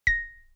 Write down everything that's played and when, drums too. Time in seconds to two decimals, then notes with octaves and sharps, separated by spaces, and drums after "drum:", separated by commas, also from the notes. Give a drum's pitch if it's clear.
0.07 A#6, drum: kick C#1